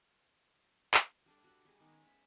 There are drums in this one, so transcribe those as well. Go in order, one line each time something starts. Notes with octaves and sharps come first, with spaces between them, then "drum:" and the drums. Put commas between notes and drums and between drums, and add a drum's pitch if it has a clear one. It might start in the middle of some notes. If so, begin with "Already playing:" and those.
drum: clap
G3 D4 A4
F#4 G4 B5
G3 G#4 D#5
D#3 G#3 B3 C#4
C#4
E5